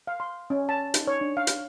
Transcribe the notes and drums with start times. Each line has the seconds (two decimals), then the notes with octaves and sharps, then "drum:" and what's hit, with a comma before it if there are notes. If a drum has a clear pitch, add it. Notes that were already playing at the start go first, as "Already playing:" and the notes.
0.07 F5
0.20 C6
0.50 C#4
0.69 A5
0.94 D#4, drum: hi-hat
1.07 C#5
1.21 D4
1.37 F5
1.47 drum: hi-hat